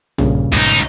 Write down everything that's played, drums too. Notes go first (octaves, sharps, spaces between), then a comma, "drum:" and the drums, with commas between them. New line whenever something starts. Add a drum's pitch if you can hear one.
G2 A#2 C#3, drum: tom
C#2 D#4, drum: kick